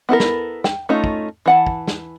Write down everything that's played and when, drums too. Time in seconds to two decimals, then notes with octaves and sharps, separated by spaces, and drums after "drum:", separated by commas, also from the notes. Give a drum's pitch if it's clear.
0.09 B3 E4 A4 A#4
0.20 drum: snare
0.64 G5, drum: snare
0.89 A3 C#4 D#4 F4
1.04 drum: kick
1.46 E3 F#5 A5
1.67 drum: kick
1.88 drum: snare